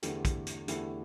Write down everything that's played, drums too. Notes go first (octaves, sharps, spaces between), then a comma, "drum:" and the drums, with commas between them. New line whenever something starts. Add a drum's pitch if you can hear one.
E2 D3 A3 E4 G4, drum: hi-hat
drum: kick, hi-hat
drum: hi-hat
E2 D3 A3 E4 G4, drum: hi-hat